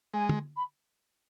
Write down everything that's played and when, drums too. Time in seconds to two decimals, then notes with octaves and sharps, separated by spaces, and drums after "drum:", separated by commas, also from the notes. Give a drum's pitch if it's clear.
0.14 G#3 G#5
0.29 drum: tom
0.56 B5